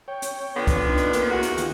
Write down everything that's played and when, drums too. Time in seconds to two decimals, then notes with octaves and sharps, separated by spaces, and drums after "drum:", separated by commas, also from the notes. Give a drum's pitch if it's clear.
0.08 C#5 G5
0.22 drum: hi-hat
0.56 F2 D3 B3
0.67 drum: kick C#2, hi-hat
0.88 D4 D#4
0.97 drum: hi-hat
1.13 A#3, drum: hi-hat
1.31 E2 A2 F#4
1.43 drum: hi-hat
1.58 D#3 F4 G4, drum: hi-hat